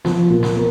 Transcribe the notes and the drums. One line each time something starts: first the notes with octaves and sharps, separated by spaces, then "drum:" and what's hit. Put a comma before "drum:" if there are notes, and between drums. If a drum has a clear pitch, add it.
F3, drum: snare
A#2
drum: snare
A#3